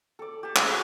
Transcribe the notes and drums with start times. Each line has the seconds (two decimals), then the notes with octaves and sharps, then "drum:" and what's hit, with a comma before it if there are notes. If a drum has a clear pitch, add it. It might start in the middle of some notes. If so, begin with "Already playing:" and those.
0.19 A4 D5
0.43 G4 A5
0.56 D4 G#4, drum: clap
0.68 F#4 A4